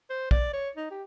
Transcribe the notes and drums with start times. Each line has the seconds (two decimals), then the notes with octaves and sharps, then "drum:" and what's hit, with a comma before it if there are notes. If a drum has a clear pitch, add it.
0.10 C5
0.31 D5, drum: kick
0.53 C#5
0.76 D#4
0.91 G4